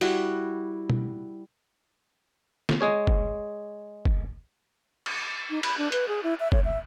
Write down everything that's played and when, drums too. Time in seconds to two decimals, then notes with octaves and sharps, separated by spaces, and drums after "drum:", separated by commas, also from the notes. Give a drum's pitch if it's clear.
0.01 G3 E4 F#4, drum: open hi-hat
0.90 drum: tom B2
2.69 drum: snare
2.81 G#3 G#4 C#5
3.07 drum: kick
4.05 drum: kick
5.06 drum: cymbal
5.50 D#4
5.63 B5, drum: cymbal
5.78 D4
5.92 B4, drum: hi-hat
6.08 G#4
6.23 E4
6.40 E5
6.52 C#5, drum: kick
6.65 E5